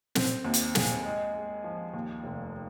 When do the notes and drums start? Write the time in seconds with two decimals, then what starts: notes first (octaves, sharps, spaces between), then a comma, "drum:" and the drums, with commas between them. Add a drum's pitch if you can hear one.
0.15 C4, drum: snare
0.45 D#2
0.54 drum: hi-hat
0.75 G#4, drum: snare
1.05 G#3
1.34 G#3
1.64 F3
1.94 D#2
2.24 F1